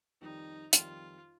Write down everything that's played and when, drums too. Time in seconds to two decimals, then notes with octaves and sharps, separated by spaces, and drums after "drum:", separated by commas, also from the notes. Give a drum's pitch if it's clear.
0.22 F2 D#3 G3 D#4
0.73 F2 D#3 G3 F4, drum: hi-hat